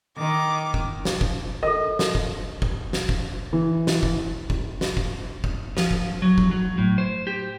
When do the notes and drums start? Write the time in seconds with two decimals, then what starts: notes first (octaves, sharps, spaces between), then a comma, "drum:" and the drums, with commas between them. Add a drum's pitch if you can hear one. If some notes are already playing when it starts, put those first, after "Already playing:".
0.18 D#3 D6
0.74 drum: kick F1
1.05 drum: snare
1.21 drum: kick F1
1.63 A4 A#4 D#5
1.99 drum: snare
2.15 drum: kick F1
2.62 drum: kick F1
2.93 drum: snare
3.09 drum: kick F1
3.53 E3
3.87 drum: snare
4.03 drum: kick F1
4.50 drum: kick F1
4.81 drum: snare
4.97 drum: kick F1
5.44 drum: kick F1
5.77 F3, drum: snare
5.91 drum: kick F1
6.22 F#3
6.38 drum: kick F1
6.51 F#3
6.78 A2
6.98 C5
7.27 G4